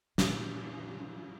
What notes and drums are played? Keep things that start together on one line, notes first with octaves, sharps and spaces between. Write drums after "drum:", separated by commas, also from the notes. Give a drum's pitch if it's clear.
A#2 E3, drum: snare